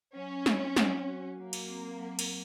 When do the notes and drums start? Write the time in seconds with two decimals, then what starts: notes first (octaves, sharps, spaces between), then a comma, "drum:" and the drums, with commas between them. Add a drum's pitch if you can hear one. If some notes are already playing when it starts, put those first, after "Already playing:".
0.15 F#3 C#4
0.46 C4, drum: snare
0.76 F#3, drum: snare
1.08 F#4
1.38 F#3 A#3
1.53 drum: cymbal
1.69 C4
1.99 F#3
2.19 drum: cymbal